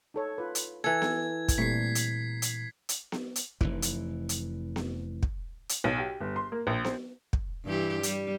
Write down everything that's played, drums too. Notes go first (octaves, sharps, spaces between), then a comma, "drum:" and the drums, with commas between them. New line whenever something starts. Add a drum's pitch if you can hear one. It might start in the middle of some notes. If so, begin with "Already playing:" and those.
D#4 A4 C#5
F4 B4
drum: hi-hat
E3 A4 G#6
drum: snare B3
drum: kick, hi-hat
A#2 G3 A3 C4 B6 C7
drum: hi-hat
drum: hi-hat
drum: hi-hat
drum: snare B3
drum: hi-hat
F1 A#1 E3, drum: kick
drum: hi-hat
drum: hi-hat
drum: snare B3
drum: kick
drum: hi-hat
B1
G4
G1
C6
A#3
A#1
C5, drum: snare B3
drum: kick
G2 E3 G4
G3, drum: hi-hat